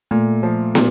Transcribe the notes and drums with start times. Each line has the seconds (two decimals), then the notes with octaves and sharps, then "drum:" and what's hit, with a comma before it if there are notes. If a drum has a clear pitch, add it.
0.11 A#2 A3
0.43 F3
0.75 A#2, drum: snare